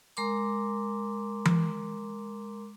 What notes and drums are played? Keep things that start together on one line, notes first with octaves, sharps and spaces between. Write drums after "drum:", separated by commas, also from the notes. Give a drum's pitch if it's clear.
G#3 A#4 A#5 C6 D6
drum: tom E3